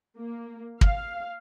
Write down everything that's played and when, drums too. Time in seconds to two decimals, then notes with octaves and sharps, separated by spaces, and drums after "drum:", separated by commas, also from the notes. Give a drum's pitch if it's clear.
0.18 A#3
0.81 F5, drum: kick